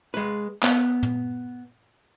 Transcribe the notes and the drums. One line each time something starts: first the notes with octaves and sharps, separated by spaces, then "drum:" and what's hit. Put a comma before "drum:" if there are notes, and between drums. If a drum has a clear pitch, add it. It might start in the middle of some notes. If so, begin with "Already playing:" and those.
G#3 B4
B3, drum: clap
drum: tom